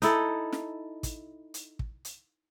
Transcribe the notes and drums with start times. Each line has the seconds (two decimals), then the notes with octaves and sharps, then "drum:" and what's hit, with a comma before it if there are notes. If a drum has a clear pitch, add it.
0.02 D#4 E4 A4, drum: hi-hat
0.53 drum: snare
1.03 drum: kick, hi-hat
1.54 drum: hi-hat
1.79 drum: kick
2.05 drum: hi-hat